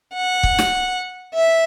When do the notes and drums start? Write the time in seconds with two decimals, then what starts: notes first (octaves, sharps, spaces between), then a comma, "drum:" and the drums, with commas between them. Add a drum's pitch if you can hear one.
0.14 F#5
0.43 drum: kick
0.58 drum: snare
1.34 E5